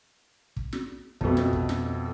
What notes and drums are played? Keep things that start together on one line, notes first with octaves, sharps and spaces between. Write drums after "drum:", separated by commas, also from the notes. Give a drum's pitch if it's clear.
drum: kick
drum: snare
F2 B2 A3, drum: kick
drum: snare
drum: kick
drum: snare